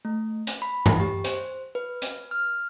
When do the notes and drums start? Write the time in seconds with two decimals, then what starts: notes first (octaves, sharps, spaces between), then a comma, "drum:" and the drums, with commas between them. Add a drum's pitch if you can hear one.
0.05 A3
0.47 drum: hi-hat
0.62 B5
0.86 drum: tom G2
1.00 G4
1.24 C5, drum: hi-hat
1.75 B4
2.02 drum: hi-hat
2.31 F6